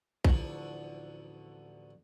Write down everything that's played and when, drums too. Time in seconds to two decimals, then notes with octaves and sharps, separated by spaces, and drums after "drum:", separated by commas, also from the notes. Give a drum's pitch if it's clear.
0.25 A1 D2 D3 F3, drum: kick A#1